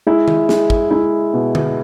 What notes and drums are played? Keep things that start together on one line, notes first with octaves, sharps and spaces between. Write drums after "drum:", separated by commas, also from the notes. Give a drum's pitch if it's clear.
G#3 E4
drum: tom D#3
G#3, drum: snare
drum: kick
G#3 E4
B2
drum: tom D3